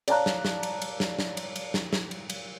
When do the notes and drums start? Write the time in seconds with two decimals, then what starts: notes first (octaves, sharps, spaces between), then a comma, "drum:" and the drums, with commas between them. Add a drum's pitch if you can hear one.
0.08 C#5 D5 F5 A5 A#5 F#6, drum: cymbal
0.26 drum: snare
0.45 drum: snare
0.63 drum: cymbal
0.82 drum: cymbal
1.00 drum: snare
1.19 drum: snare
1.37 drum: cymbal
1.56 drum: cymbal
1.74 drum: snare
1.93 drum: snare
2.11 drum: cymbal
2.30 drum: cymbal